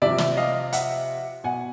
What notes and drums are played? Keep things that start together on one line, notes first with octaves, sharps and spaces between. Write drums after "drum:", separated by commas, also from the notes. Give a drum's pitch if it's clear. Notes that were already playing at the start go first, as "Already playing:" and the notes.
C3 F3 D5 E5
drum: snare
D#5 F5
E5 F#5, drum: hi-hat
B2 F#5 G#5